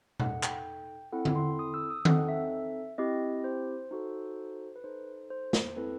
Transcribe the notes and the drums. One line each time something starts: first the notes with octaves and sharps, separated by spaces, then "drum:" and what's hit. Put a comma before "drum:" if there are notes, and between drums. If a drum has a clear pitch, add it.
D#4 A4 F#5, drum: tom B2
G5, drum: clap
C4 E4 A4 F#5
drum: tom D3
C6
D#6
E6
D#6
C4 D#4 A4 F#5, drum: tom D#3
E5
C4 E4 G4 D#5
C5
D#4 F#4 A4
B4
D#4 A4 C5
C5
drum: snare
C4 E4 A4 B4